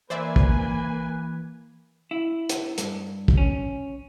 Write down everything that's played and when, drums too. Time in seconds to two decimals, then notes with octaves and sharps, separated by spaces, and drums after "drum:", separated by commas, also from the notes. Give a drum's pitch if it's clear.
0.10 E3 A#3 B4 C5 D5 E5 G#5
0.36 drum: kick
2.11 E4
2.49 drum: hi-hat
2.78 G2, drum: hi-hat
3.28 drum: kick
3.37 C#4